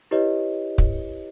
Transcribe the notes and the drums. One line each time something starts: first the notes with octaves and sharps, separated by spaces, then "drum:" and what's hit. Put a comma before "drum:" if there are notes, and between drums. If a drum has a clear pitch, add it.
E4 G4 B4 C#5 D#5
drum: kick